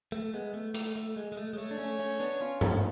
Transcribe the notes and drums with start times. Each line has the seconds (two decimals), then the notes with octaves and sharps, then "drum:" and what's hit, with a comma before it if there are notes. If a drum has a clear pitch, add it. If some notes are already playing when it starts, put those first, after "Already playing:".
0.12 A3
0.34 G#3 B3
0.54 A3
0.74 A3, drum: hi-hat
0.96 A3
1.16 G#3
1.32 G#3
1.37 A3
1.53 G#3
1.58 A3 C#5
1.71 D4
1.78 A3 C#4
1.99 A3 C#4
2.20 B3 D4
2.41 C#4 F4
2.61 A3 C#4, drum: tom G2